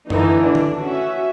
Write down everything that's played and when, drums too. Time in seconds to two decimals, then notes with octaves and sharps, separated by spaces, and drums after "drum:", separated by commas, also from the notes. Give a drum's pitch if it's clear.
0.10 D3 E3 A3 D#4, drum: tom F#2
0.44 D4
0.55 drum: tom D3
0.79 C#4 F#4 E5